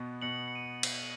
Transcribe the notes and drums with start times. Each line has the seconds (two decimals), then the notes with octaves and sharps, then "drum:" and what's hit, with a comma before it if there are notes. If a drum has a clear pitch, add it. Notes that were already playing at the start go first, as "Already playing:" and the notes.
Already playing: B2 B3
0.22 B2 C#7 F#7
0.48 C#7
0.55 D#7
0.83 drum: cymbal